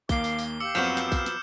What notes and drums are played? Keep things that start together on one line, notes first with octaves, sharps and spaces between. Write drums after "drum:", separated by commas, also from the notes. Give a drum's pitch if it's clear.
D#2 A#3 F5 D6 C7 G7, drum: kick, tambourine
drum: tambourine
drum: tambourine
G4 F5 D6 E6 C#7
F#2 F3 F#3 B3 C4 F6 G6 E7
drum: snare
drum: kick, tambourine
drum: snare